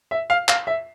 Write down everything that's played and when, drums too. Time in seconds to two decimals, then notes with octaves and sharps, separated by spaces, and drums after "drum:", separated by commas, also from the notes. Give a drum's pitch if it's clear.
0.11 E5
0.30 F5
0.48 F5, drum: clap
0.67 E5